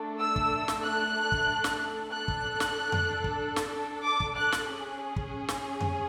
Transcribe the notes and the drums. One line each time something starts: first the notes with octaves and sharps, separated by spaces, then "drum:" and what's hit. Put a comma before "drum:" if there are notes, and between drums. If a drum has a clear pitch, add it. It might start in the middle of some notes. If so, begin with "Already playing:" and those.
Already playing: A3 D4 A4
E6
drum: kick
drum: snare
F#6
drum: kick
drum: snare
D4 A4 F#6
drum: kick
drum: snare
drum: tom F2
drum: kick
drum: snare
D6
drum: kick
F#6
drum: snare
C#4 G#4
drum: kick
drum: snare
drum: tom F2